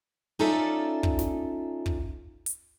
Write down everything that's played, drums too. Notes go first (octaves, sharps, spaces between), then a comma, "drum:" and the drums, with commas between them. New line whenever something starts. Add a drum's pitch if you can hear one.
C#4 D#4 F4 A4 D5 E5
drum: kick
drum: snare
drum: kick
drum: hi-hat